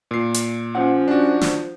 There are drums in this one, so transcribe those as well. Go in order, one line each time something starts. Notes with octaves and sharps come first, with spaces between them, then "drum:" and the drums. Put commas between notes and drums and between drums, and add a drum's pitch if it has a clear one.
A#2 C7
drum: hi-hat
F3 C#4 F#5
D4 F#4
drum: snare